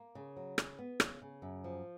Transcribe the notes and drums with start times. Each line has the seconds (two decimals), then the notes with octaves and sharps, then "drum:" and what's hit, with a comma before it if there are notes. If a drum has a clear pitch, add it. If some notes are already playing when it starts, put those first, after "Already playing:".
Already playing: A#3
0.15 C#3
0.37 F#3
0.58 C#3, drum: rim click
0.79 B3
1.00 C#3, drum: rim click
1.22 C#3
1.42 F#2
1.64 F3